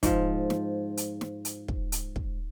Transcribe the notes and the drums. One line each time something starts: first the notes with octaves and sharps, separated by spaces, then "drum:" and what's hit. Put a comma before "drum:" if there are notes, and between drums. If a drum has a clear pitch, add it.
G#2 F3, drum: kick, hi-hat
drum: snare
drum: hi-hat
drum: snare
drum: hi-hat
drum: kick
drum: hi-hat
drum: kick